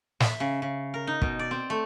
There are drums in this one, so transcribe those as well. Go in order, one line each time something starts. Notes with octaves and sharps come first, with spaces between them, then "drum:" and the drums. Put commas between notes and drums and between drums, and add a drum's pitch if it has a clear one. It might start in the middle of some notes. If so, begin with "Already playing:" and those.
E5, drum: snare
C#3
C#3
A#4
D#4
B2, drum: kick
D5
C4
A3